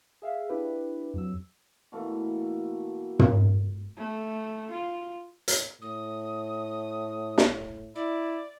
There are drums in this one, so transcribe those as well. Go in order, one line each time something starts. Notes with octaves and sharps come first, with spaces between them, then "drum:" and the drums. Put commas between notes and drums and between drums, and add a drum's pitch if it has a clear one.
G#4 E5 F5
D4 E4 G4 B4
F2 F#3 E6
B2 E3 A3 A#3
drum: tom
A3
F4
drum: hi-hat
A2 D#6
drum: snare
E4 D5